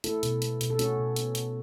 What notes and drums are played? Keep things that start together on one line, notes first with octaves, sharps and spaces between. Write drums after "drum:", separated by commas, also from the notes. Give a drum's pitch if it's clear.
A3 E4 A4, drum: hi-hat
B2, drum: hi-hat
B3, drum: hi-hat
B2, drum: hi-hat
A4
A3 C#4 F#4, drum: hi-hat
B2
B3, drum: hi-hat
B2, drum: hi-hat